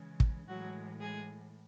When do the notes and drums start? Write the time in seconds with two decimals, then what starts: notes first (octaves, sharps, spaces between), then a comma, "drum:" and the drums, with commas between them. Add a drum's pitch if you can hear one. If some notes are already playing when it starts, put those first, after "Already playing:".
Already playing: C#3 E3 G#3
0.20 drum: kick
0.47 A2 E3 F#3 G#3 F#4
0.99 G#3 G#4